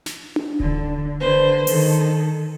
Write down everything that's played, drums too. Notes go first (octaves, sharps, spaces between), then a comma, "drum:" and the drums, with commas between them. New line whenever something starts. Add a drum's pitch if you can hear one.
drum: snare
drum: tom D4
D3, drum: kick D1
D3 B4 C5
D#3 A4, drum: open hi-hat